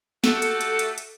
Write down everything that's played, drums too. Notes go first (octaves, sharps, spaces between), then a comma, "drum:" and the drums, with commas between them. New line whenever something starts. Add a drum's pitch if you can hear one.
A3 F#4 G4 A4, drum: snare
drum: hi-hat
drum: hi-hat
drum: hi-hat
drum: hi-hat